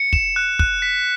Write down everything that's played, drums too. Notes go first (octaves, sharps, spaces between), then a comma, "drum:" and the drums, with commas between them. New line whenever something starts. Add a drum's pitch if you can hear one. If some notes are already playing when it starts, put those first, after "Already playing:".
Already playing: C#7
E7, drum: kick
F#6
F#6, drum: kick
B6